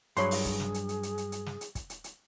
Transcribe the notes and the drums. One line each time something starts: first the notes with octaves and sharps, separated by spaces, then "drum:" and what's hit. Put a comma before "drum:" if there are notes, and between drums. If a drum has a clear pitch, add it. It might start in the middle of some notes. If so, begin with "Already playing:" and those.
G2 F#3 G#4 C#5 B5 C6, drum: hi-hat
drum: open hi-hat
drum: kick, hi-hat
drum: snare
drum: hi-hat
drum: hi-hat
drum: hi-hat
drum: hi-hat
drum: hi-hat
drum: snare
drum: hi-hat
drum: kick, hi-hat
drum: hi-hat
drum: hi-hat